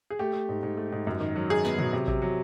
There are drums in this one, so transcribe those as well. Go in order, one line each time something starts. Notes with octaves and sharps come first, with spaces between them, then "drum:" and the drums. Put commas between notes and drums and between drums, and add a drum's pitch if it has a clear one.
G#4
A3 G4
A3
G#2
G#2
A3
G#2
F#2
D#3
F#3
D#3 G#4
B3, drum: snare
F#3, drum: tom A#2
C3
C3, drum: kick A1
F#3